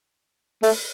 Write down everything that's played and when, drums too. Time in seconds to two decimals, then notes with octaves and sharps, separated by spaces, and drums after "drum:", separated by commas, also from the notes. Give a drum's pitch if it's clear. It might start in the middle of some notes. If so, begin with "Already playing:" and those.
0.63 A3, drum: open hi-hat